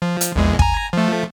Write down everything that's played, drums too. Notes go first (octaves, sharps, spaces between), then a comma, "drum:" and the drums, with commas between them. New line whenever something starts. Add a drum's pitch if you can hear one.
F3
drum: hi-hat
A#1 E2 G#3
G#5 A#5, drum: kick
F3 A3